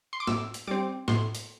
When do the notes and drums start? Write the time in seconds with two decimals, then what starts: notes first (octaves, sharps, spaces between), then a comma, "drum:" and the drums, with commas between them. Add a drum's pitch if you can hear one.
0.13 C6
0.20 D6
0.27 A2 E6, drum: snare
0.54 drum: hi-hat
0.68 G3 C4 D6
1.08 A2 C6, drum: snare
1.35 drum: hi-hat